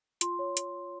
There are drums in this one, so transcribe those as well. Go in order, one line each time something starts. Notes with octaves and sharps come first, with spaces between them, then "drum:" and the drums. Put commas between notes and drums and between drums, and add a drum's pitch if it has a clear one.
F4 C6, drum: hi-hat
C#5
drum: hi-hat